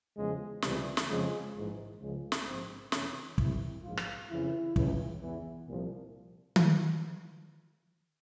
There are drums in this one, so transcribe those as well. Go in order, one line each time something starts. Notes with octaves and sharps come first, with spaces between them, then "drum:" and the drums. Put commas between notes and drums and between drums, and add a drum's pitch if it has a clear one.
E2 C#3 F3 G#3
C#2 C3 E3 G3, drum: snare
drum: snare
F2 C#3 F3 G#3
A#1 G#2 E3
C#2 C#3 F3 G#3
drum: snare
A#1 G#2 F3 C4
F2 C3 E3 C#4, drum: snare
C2 C3 E3 E4, drum: kick
A#1 G#2 F3 F4
drum: rim click
F2 C#3 E3 E4
C#2 C#3 E3, drum: kick
E2 E3
C2 A#2 F3
drum: tom D#3